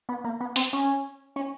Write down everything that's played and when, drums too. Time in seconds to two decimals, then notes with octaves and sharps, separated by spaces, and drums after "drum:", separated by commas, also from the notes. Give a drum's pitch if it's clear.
0.09 B3
0.24 A#3
0.40 B3
0.56 C4, drum: open hi-hat
0.73 C#4
1.36 C#4